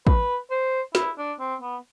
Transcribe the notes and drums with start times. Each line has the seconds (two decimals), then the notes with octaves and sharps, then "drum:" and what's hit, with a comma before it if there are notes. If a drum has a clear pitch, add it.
0.07 B4, drum: kick
0.51 C5
0.95 E4, drum: snare
1.17 D4
1.39 C4
1.61 B3